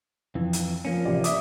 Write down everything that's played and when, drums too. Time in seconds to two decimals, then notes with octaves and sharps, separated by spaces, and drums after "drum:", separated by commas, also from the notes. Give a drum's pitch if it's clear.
0.35 F2 E3
0.53 drum: hi-hat
0.85 F3 A#3 C#4
1.05 A1 C3 D5
1.24 E5 D6 D#6, drum: hi-hat